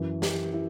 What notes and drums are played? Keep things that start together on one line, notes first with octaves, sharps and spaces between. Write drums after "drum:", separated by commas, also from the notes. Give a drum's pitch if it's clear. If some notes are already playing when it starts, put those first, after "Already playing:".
Already playing: F#2 E3
G4, drum: snare
E4